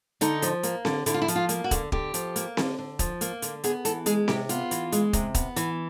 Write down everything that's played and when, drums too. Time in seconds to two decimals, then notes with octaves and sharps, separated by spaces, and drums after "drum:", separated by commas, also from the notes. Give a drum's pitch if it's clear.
0.21 D3 D#4, drum: hi-hat
0.42 F3, drum: hi-hat
0.63 A#3, drum: hi-hat
0.85 D3, drum: snare C4
1.06 D3 E4, drum: hi-hat
1.14 F4
1.22 E4
1.28 F3, drum: hi-hat
1.36 F4
1.49 A#3, drum: hi-hat
1.64 F#4
1.71 D3, drum: kick, hi-hat
1.92 D3 G4, drum: kick
2.14 F3, drum: hi-hat
2.36 A#3, drum: hi-hat
2.57 D3, drum: snare C4
2.78 D3
2.99 F3, drum: kick, hi-hat
3.21 A#3, drum: hi-hat
3.42 D3, drum: hi-hat
3.64 B3 G#4, drum: hi-hat
3.85 E3 A4, drum: hi-hat
4.06 G#3 G#4, drum: hi-hat
4.28 C3 G4, drum: snare C4
4.49 B3 F4, drum: hi-hat
4.71 E3, drum: hi-hat
4.92 G#3, drum: hi-hat
5.13 C3, drum: kick, hi-hat
5.35 B3, drum: kick, hi-hat
5.56 E3, drum: hi-hat